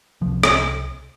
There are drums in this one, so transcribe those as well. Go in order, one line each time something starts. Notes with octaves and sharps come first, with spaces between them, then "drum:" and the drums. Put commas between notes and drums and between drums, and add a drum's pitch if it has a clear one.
C2 C3 F3
drum: rim click